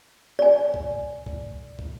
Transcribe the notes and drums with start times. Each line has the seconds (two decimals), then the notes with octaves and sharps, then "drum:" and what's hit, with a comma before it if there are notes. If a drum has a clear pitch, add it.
0.39 D5 G#5
0.74 drum: kick
1.26 drum: kick
1.79 drum: kick